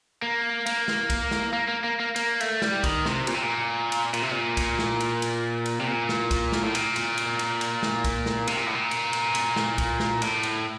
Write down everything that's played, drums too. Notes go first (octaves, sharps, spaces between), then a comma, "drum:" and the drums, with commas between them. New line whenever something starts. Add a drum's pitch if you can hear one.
A#3
A#3, drum: cymbal
drum: snare
drum: kick C2, cymbal
drum: snare
A#3
A#3
A#3
A#3
A#3, drum: cymbal
A3, drum: cymbal
G3, drum: snare
D#3, drum: kick C2, cymbal
C3, drum: snare
A#2, drum: cymbal
C3
A#2
drum: cymbal
A#2, drum: cymbal
C3
A#2
drum: kick C2, cymbal
drum: snare
drum: cymbal
drum: cymbal
drum: cymbal
C3
A#2
drum: snare
drum: kick C2, cymbal
drum: snare
A2
A#2, drum: cymbal
drum: cymbal
drum: cymbal
drum: cymbal
drum: cymbal
drum: snare
drum: kick C2, cymbal
drum: snare
C3, drum: cymbal
A#2
A2
A#2
drum: cymbal
drum: cymbal
drum: cymbal
drum: snare
drum: kick C2, cymbal
drum: snare
A2, drum: cymbal
drum: cymbal